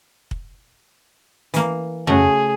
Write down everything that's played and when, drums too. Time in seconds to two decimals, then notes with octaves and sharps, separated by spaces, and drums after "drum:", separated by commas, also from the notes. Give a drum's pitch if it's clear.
0.31 drum: kick
1.54 E3 A#3, drum: hi-hat
2.07 C#3 A3 F#4 G#4, drum: tom F2